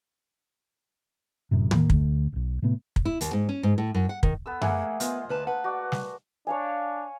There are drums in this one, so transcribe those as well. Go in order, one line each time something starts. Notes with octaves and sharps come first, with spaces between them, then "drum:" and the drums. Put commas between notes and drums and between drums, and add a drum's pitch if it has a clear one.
F1 F#2 A2 C3
E1 A2 D#3 A#3, drum: tom
D2 D3 A3, drum: kick
D#1 B1
A2 C3 A3 B3
drum: kick
E4
D#2, drum: hi-hat
G#2
C#4
G#2
A2
F#2
F#5
D#3, drum: kick
B3 A4 E6
A3 A#3 G#4 E5 F#5 G#5, drum: tom F#2
B3 F4 C5 D#5, drum: hi-hat
D2 B4 A5
B4 F#5
F#4 D5
drum: snare
D4 C#5 F5 G#5